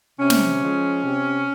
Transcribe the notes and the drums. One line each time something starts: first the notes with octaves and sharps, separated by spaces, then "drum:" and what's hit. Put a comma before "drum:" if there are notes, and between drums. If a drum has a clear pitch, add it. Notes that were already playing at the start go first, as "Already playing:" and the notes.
C3 C#4
drum: snare
F3 G#3
C3